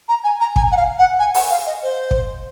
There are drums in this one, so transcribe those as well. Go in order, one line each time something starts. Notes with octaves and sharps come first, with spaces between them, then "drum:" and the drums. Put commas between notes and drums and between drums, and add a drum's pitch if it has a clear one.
A#5
G#5
A#5
G#5, drum: kick
F#5
F5
F#5
G#5
F#5, drum: open hi-hat
F5
D#5
C5
drum: kick